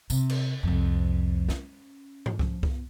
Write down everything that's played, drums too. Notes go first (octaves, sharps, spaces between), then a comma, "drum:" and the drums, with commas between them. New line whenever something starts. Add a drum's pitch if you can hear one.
C3, drum: tambourine
drum: cymbal
C2 F2
C#4, drum: snare
drum: tom G#2
F3 C#4, drum: kick C2
B3, drum: kick C2